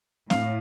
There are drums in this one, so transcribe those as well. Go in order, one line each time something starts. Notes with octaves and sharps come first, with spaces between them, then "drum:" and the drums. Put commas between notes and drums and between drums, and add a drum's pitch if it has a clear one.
A2 F5, drum: snare C4